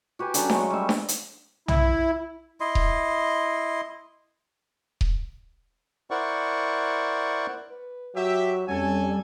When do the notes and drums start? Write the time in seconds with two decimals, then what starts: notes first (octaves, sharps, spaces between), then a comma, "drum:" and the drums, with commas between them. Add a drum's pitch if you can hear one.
0.19 F#4 G4 B4 G#5
0.34 D3 F#3 C#4 A5, drum: hi-hat
0.50 F#3 G#3 A3 C#5, drum: snare D4
0.70 G3 E5
0.89 drum: snare D4
1.08 drum: hi-hat
1.68 E4, drum: tom B1
2.60 E4 D#5 C6
2.75 drum: kick D#1
5.01 drum: kick D#1
6.11 E4 A#4 C5 D5 F#5 C#6
7.70 B4
8.16 F#3 F#4 G4 E5
8.69 F2 G3 C#4 A4 G#5